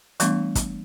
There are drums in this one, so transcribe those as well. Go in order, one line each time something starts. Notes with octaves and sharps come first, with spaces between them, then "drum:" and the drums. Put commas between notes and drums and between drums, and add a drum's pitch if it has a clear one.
E3 G3 A3 B3 D4 C#6, drum: hi-hat
drum: kick, hi-hat